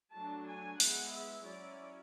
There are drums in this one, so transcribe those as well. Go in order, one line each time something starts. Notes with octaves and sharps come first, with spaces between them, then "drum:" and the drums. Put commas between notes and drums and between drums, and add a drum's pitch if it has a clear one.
F#3 A3 D4 A5
G#5
G#3 B3 E4 F#5, drum: open hi-hat
E5
F#3 C#4 E4 D5